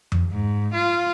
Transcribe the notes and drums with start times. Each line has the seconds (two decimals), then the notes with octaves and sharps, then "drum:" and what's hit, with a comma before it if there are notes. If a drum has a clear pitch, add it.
0.12 drum: tom F2
0.30 G#2
0.73 F4